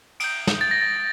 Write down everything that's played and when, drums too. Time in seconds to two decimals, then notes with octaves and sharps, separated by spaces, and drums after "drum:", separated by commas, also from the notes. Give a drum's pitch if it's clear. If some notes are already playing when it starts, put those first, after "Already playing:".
0.20 D#6 G6 D7, drum: cymbal
0.47 drum: snare
0.61 A6
0.71 A#6
0.81 A6